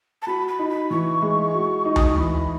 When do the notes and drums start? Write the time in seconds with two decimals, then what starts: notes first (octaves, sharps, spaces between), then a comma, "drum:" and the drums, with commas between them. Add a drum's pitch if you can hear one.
0.22 A5
0.27 F#4 B5
0.48 B5
0.59 D#4
0.69 B5
0.90 E3 C#6
1.22 G#3
1.54 F#4
1.85 D#4
1.96 D#6, drum: tom D2
2.06 C#6
2.18 E3 B5